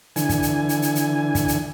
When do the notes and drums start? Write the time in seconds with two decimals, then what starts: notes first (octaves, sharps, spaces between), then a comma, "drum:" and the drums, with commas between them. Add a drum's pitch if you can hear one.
0.16 D3 E3 G#5, drum: hi-hat
0.29 drum: kick, hi-hat
0.42 drum: hi-hat
0.69 drum: hi-hat
0.82 drum: hi-hat
0.95 drum: hi-hat
1.35 drum: kick, hi-hat
1.48 drum: hi-hat